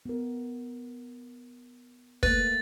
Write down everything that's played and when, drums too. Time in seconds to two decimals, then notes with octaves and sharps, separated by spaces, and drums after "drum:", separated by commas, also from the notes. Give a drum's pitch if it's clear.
0.06 B3 A#4
2.23 A3 A#3 B4 A6, drum: kick